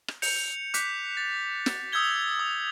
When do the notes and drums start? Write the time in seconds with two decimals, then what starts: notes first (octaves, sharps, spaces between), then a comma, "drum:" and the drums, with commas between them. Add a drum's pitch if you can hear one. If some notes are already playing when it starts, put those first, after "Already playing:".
0.08 drum: rim click
0.22 G6 C#7 F7, drum: open hi-hat
0.74 D6 F#6 G6 B6, drum: hi-hat
1.17 A6
1.66 drum: snare
1.92 D#6 E6 G6 G#6 G7
2.39 D#6